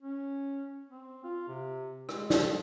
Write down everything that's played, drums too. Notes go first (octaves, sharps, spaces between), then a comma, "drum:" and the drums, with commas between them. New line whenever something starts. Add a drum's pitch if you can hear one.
C#4
C4
F4
C3
G#3, drum: rim click
A4, drum: snare